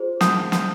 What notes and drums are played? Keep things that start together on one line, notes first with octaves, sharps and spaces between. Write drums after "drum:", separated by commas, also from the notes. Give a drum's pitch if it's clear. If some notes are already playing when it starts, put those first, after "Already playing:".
Already playing: F4 G#4 C5
D#6 G6, drum: snare
drum: snare